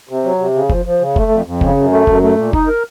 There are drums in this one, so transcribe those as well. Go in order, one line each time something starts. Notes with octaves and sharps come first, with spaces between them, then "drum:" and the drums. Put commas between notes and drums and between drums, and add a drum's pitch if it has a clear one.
C3
F#3
C3
C#3
F3, drum: kick
F3
C#3
A3, drum: kick
F2
F2
C#3, drum: kick
F#2
A3
F#2, drum: kick
A3
A#2
D#4, drum: kick
A#4